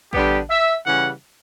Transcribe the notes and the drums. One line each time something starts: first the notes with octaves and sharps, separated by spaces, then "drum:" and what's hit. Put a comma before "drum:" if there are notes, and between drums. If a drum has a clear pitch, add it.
D3 G3 B3 D4 G4, drum: kick A1
E5
C#3 E3 G3 C#4 F#5